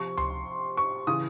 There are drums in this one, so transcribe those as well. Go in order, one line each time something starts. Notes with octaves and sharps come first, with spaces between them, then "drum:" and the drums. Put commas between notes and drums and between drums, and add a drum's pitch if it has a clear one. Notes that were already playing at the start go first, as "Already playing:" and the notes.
Already playing: C3 F3 C#6
C6, drum: tom C#2
C#6
C#3 E3 D#6